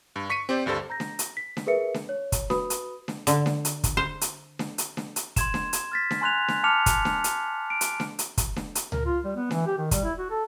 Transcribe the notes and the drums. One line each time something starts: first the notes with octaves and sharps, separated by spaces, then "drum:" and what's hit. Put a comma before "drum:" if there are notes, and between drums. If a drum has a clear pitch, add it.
G2
C#6 B6 C#7 D#7
C4 G4 C5 D5
D2 G2 G3 A4 C5
A#5 G6 A#6
drum: snare D4
drum: hi-hat
B6
drum: snare D4
G#4 A#4 B4 E5 C#7
drum: snare D4
C#5
drum: kick, hi-hat
F#4 B4 B5 D#6, drum: snare D4
drum: hi-hat
drum: snare D4
D3, drum: hi-hat
drum: snare D4
drum: hi-hat
drum: kick, hi-hat
C5
drum: hi-hat
drum: snare D4
drum: hi-hat
drum: snare D4
drum: hi-hat
C6 G#6 E7, drum: kick, hi-hat
drum: snare D4
drum: hi-hat
F6 A6 B6
drum: snare D4
G#5 A#5 C6 F#6 G#6 F7
drum: snare D4
A5 D6 F6 C#7 F7
drum: kick, hi-hat
drum: snare D4
drum: hi-hat
D7
drum: hi-hat
drum: snare D4
drum: hi-hat
drum: kick, hi-hat
drum: snare D4
drum: hi-hat
A#4, drum: tom C#2
F4
G3
B3
E3, drum: snare D4
G4
D#3
G3, drum: kick, hi-hat
E4
F#4
A4